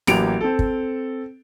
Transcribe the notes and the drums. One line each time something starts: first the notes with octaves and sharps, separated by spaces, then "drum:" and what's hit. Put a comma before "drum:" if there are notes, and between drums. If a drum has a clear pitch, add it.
A1 F#3 A#3 G4 D7 F7, drum: snare
C4 A4
drum: kick